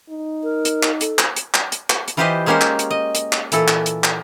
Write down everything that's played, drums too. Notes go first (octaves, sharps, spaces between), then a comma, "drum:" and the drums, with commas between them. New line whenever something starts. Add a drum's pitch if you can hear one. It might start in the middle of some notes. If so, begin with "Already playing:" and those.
D#4
A#4
drum: hi-hat
drum: clap
A4, drum: hi-hat
drum: clap
drum: hi-hat
drum: clap
drum: hi-hat
drum: clap
drum: hi-hat
E3 F4 G4 B4 C5 D#5
G#3 A#3 C#4 G4 A#4 C5
drum: clap
drum: hi-hat
D#5
drum: hi-hat
drum: clap
A#2 E3 A4, drum: hi-hat
drum: clap
drum: hi-hat
drum: clap